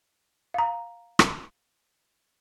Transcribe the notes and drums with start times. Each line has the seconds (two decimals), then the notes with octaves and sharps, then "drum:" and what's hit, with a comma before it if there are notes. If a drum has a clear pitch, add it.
0.54 F5 A#5
1.19 drum: rim click